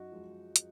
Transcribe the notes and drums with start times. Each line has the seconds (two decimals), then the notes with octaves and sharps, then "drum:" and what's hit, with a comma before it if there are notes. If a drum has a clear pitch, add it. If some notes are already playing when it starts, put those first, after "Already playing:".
Already playing: F#2 D#4 F#4
0.12 F3 G#3
0.56 drum: hi-hat